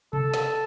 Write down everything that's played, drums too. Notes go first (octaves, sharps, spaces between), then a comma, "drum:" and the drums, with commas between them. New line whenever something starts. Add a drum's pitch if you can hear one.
A4, drum: tom C3
drum: snare